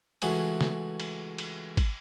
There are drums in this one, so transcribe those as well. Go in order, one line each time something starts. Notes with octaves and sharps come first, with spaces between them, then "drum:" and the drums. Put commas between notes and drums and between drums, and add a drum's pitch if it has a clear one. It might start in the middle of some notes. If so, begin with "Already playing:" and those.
C#2 E3 A3 F#4 G#5 D#6, drum: cymbal
drum: snare
drum: cymbal
drum: cymbal
drum: kick, cymbal